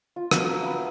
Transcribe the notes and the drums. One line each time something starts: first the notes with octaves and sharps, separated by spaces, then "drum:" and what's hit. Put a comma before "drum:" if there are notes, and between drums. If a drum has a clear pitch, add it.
F4
B3 F#4 A#5, drum: rim click
E5 F5 B5